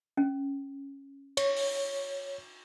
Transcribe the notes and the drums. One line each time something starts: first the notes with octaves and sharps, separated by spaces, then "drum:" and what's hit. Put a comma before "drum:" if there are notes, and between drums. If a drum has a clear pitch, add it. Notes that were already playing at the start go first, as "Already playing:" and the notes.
C#4
C#5, drum: cymbal
drum: open hi-hat